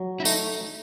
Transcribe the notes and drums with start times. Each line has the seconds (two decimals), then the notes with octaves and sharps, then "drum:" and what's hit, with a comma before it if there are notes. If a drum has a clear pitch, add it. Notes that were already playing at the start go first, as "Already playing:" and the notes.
Already playing: F#3
0.20 E4
0.25 A3 D#4, drum: tambourine